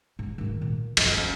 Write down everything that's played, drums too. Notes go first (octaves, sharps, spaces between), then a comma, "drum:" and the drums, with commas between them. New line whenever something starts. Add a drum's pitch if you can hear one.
G#2
G#2 D#3
A#2
F#2 F3, drum: cymbal
E3 C#4